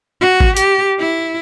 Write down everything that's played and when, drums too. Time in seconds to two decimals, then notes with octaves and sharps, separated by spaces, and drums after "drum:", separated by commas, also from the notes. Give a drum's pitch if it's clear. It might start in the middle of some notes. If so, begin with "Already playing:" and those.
0.21 F#4
0.40 drum: kick
0.57 G4, drum: hi-hat
1.00 E4